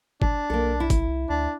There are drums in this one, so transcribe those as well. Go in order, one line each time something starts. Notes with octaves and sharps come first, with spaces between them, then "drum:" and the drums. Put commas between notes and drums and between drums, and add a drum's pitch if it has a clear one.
D4, drum: kick G1
B1 A#3 A4
E4
drum: kick G1, hi-hat
C2
D2 D4